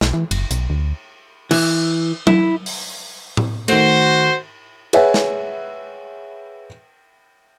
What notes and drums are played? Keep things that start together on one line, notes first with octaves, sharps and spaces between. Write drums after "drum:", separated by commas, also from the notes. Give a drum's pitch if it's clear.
B1, drum: snare
E3
F#1, drum: cymbal
B1, drum: hi-hat
D2
E3, drum: cymbal
E4, drum: tom F#3
drum: open hi-hat
drum: tom A2
D#3 A3 F#4 C5, drum: cymbal
G#4 B4 C#5 E5 F#5 G#5, drum: cymbal
drum: snare